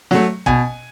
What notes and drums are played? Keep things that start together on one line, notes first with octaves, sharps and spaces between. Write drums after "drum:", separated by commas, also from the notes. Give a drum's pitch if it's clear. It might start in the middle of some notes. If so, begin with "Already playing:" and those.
F#3 A3, drum: snare
B2 G#5, drum: kick